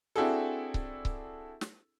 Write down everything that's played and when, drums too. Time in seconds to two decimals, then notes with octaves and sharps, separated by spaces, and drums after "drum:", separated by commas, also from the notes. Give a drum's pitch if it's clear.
0.16 C4 D4 E4 F#4 G#4 A4
0.74 drum: kick C#1
1.05 drum: kick C#1
1.61 drum: snare